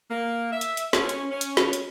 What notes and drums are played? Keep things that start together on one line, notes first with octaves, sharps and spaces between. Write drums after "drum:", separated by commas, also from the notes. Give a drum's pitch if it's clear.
A#3
E5
drum: hi-hat
drum: hi-hat
C#4, drum: snare
drum: hi-hat
C#4
drum: hi-hat
drum: snare
drum: hi-hat